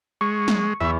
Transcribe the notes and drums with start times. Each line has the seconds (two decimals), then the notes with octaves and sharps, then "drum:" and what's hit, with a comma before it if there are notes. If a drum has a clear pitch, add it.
0.21 G#3 C#6
0.48 drum: snare
0.80 E2 E5